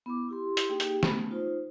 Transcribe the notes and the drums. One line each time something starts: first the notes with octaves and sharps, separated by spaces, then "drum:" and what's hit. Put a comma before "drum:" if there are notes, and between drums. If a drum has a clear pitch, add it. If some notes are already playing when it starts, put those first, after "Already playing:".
B3 E4 D6
E4 G4 C6
drum: hi-hat
A#3 D#4 G4 G#4 G5
drum: hi-hat
G#3 A3 B3 C#4 B5, drum: snare
D#4 F4 C5